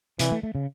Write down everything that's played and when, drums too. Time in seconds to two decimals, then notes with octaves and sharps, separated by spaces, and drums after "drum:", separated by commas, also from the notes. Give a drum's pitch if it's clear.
0.19 C3 E3, drum: hi-hat
0.32 A3
0.43 A3
0.55 C#3